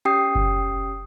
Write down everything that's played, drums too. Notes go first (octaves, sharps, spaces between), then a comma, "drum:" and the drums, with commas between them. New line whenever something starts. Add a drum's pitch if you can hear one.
C#4 G4 G5 D#6 C7
drum: kick F#1